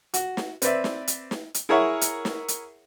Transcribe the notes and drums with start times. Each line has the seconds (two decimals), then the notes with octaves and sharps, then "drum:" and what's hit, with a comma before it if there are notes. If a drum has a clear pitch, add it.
0.14 F#4, drum: hi-hat
0.37 drum: snare
0.62 C4 B4 D5 E5, drum: hi-hat
0.84 drum: snare
1.08 drum: hi-hat
1.31 drum: snare
1.54 drum: hi-hat
1.69 E4 G#4 A#4 C#5 E5 F#5
2.01 drum: hi-hat
2.25 drum: snare
2.48 drum: hi-hat